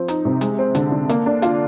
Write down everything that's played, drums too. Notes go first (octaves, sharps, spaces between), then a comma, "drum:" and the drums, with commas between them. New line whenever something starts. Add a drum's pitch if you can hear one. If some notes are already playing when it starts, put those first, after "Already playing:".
Already playing: F3 C4
D#4, drum: hi-hat
C3
G#3, drum: hi-hat
C4
D3, drum: hi-hat
D3
A#3, drum: hi-hat
D4
F4, drum: hi-hat